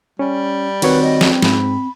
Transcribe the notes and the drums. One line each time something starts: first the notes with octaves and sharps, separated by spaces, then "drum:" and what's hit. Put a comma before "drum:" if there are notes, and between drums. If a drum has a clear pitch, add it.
G3 C#4
D#3 C4 F#4 B4 C#5, drum: cymbal
D#5
drum: snare
G#2 B5, drum: snare